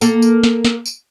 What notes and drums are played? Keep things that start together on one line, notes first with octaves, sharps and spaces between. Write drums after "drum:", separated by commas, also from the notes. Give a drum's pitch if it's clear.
A#3 A4, drum: tambourine
drum: tambourine
drum: snare
drum: snare
drum: tambourine